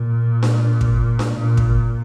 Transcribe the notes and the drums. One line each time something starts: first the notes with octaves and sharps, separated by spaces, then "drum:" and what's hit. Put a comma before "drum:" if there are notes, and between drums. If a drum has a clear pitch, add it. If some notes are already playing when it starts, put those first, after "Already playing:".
Already playing: A#2
drum: snare D4
drum: kick
drum: snare D4
A#2
drum: kick